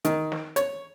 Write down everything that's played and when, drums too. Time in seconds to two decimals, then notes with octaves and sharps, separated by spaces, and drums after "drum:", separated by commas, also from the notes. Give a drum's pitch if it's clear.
0.05 D#3, drum: hi-hat
0.32 drum: snare
0.56 C#5, drum: hi-hat